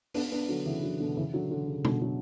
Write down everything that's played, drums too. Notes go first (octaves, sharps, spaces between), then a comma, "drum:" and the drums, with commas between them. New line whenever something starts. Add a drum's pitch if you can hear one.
B3 D4, drum: open hi-hat
B3 D4
D3 F#3
C#3 E3
D3 F#3
B2 D3
C#3 E3
D3 F#3
D3 F#3
C#3
B2 D3, drum: tom B2
D3 F#3